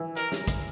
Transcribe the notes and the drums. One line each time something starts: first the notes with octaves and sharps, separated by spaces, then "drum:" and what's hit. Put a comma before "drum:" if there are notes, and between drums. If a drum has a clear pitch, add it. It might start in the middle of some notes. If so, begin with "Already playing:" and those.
Already playing: E3
A#4, drum: hi-hat
drum: snare
drum: kick, hi-hat